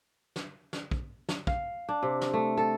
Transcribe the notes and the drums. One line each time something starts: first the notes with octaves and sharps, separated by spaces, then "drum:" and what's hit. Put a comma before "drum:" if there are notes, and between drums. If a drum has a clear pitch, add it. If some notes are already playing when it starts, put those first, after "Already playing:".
drum: snare
drum: snare
drum: kick
drum: snare
F5, drum: kick
D4
C3
drum: snare
A3
A4